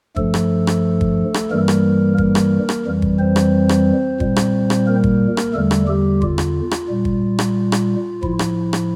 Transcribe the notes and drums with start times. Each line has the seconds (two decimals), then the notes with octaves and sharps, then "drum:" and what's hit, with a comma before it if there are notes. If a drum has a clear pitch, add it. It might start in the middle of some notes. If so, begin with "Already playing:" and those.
0.16 G2 F3 A3 A4, drum: kick
0.34 drum: rim click
0.67 drum: rim click
1.01 drum: kick
1.34 drum: rim click
1.51 G2 E3 G3 A#3 A#4
1.68 drum: rim click
2.18 A#3 A#4, drum: kick
2.35 drum: rim click
2.69 drum: rim click
2.85 F2 E3 G3
3.02 drum: kick
3.19 C4 C5
3.36 drum: rim click
3.69 drum: rim click
4.20 A#2 G3, drum: kick
4.36 drum: rim click
4.70 drum: rim click
4.87 A#3 A#4
5.04 drum: kick
5.37 drum: rim click
5.54 E2 D3 G3 A3 A4
5.71 drum: rim click
5.87 G3 G4
6.22 F4, drum: kick
6.38 drum: rim click
6.71 drum: rim click
6.88 A#2 G3
7.05 drum: kick
7.39 drum: rim click
7.72 drum: rim click
8.23 A2 F3 E4, drum: kick
8.39 drum: rim click
8.73 drum: rim click